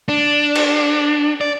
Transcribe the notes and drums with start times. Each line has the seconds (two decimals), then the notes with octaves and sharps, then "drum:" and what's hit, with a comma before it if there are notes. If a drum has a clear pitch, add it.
0.09 D4
0.55 drum: cymbal
1.41 D5